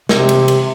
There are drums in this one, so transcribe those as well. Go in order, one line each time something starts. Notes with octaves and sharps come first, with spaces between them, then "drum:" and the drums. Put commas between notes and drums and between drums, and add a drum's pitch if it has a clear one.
C3, drum: snare
drum: cymbal
drum: cymbal